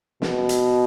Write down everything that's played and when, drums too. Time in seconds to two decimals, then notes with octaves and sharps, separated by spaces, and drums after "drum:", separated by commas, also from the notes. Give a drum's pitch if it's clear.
0.22 B2, drum: snare
0.49 drum: hi-hat